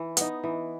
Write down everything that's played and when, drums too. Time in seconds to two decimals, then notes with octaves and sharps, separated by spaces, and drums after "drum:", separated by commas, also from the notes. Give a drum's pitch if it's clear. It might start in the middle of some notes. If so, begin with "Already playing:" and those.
Already playing: E3
0.17 B3 D#4, drum: hi-hat
0.44 E3